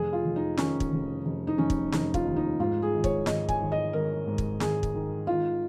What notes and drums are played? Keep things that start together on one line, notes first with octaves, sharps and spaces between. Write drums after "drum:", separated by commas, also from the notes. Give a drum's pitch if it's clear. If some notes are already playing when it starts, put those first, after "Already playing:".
Already playing: F1 G#4
F4
F1
D#4
D#3 C#4, drum: snare
drum: kick
F1
F1
D#4
F1 C#4
drum: kick
F1 D#4, drum: snare
F4, drum: kick
D#2
D#4
G#2 F4
G#4
G#1
C#5, drum: kick
G#1 D#5, drum: snare
G#5, drum: kick
G#1
D#5
G#1 A#4
G#2
drum: kick
G#1 G#4, drum: snare
drum: kick
D#3
G#1 F4